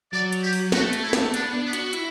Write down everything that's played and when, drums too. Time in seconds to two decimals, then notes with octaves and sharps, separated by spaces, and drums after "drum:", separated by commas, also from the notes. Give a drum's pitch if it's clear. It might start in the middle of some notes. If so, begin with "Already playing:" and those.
0.12 F#3 D5
0.33 drum: hi-hat
0.43 G4
0.53 drum: open hi-hat
0.72 A3 F#4, drum: snare
0.93 drum: hi-hat
1.03 E4
1.13 drum: snare
1.34 B3 D4, drum: hi-hat
1.53 D4
1.64 B3
1.73 F#4, drum: hi-hat
1.93 E4, drum: hi-hat